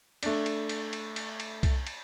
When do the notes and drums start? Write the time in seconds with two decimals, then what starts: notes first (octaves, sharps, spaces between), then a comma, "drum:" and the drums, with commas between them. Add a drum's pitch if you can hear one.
0.23 A3 D4, drum: cymbal
0.46 drum: cymbal
0.69 drum: cymbal
0.93 drum: cymbal
1.16 drum: cymbal
1.40 drum: cymbal
1.63 drum: kick C2, cymbal
1.87 drum: cymbal